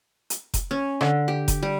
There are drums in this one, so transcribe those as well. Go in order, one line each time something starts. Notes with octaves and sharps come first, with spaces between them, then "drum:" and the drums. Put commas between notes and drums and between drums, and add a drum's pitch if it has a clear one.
drum: hi-hat
drum: kick F1, hi-hat
C#4
D3, drum: rim click
G4
drum: kick F1, hi-hat
G3